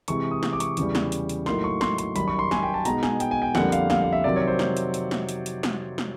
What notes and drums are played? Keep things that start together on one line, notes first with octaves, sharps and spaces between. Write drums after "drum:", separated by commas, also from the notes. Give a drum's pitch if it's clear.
C3 E3 G#3 C#6, drum: hi-hat
D#6
drum: snare
D6
C#6, drum: hi-hat
E2 C#3 E3 G3, drum: hi-hat
drum: snare
drum: hi-hat
drum: hi-hat
A2 F#3 A#3 D#4 C6, drum: snare
C#6
C6, drum: snare
C6, drum: hi-hat
F#2 D#3 G3 B5, drum: hi-hat
C#6
C6
G#5, drum: snare
G5
A5
B2 G#3 B3 D#4 A#5, drum: hi-hat
G#5, drum: snare
G5, drum: hi-hat
G#5
G5
F2 D3 G3 A#3 F#5, drum: snare
F5, drum: hi-hat
F5, drum: snare
F5
E5
C3 D#3 F#3 D5
C#5
C5
drum: snare
drum: hi-hat
drum: hi-hat
drum: snare
drum: hi-hat
drum: hi-hat
drum: snare
drum: snare